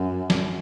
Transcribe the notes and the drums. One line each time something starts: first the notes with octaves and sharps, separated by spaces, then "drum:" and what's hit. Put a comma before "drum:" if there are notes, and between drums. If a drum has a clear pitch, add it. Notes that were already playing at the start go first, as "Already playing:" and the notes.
Already playing: F#2
drum: snare